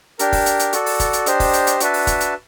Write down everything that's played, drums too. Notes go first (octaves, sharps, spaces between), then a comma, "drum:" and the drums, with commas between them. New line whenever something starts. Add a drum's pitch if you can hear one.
D4 G4 A#4, drum: hi-hat
drum: kick, open hi-hat
drum: hi-hat
drum: hi-hat
F#4 A4 D5, drum: hi-hat
drum: open hi-hat
drum: kick, hi-hat
drum: hi-hat
D4 G4 C5 D#5, drum: hi-hat
drum: kick, open hi-hat
drum: hi-hat
drum: hi-hat
D4 F#4 B4 E5 A5, drum: hi-hat
drum: open hi-hat
drum: kick, hi-hat
drum: hi-hat